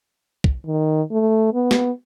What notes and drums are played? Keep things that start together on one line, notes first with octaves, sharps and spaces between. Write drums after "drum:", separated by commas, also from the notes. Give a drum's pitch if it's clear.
drum: kick
D#3
A3
B3
drum: snare